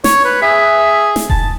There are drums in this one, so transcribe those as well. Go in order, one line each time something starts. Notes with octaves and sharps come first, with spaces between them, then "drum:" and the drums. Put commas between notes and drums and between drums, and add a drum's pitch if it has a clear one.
C#5, drum: snare
B4
G#4 E5
drum: snare
A5, drum: kick E1